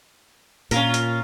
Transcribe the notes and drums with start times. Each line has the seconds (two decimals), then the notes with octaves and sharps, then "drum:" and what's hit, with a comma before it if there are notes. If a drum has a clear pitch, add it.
0.71 A#2 C#4 F4 A#4, drum: hi-hat
0.94 drum: hi-hat